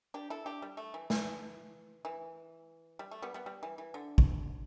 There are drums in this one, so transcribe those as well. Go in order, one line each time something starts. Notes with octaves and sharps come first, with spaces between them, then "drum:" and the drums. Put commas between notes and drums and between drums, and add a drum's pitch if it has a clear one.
D4 G4
E4 A4
D4 G4
G3
A3
E3
E3, drum: snare A3
E3
G3
A3
G3 B3
G3 B3
G3
E3
E3
D3
drum: kick G#1